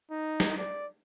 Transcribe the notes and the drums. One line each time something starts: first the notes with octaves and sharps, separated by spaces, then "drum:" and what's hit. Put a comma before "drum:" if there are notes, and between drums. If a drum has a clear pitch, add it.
D#4
drum: snare
D5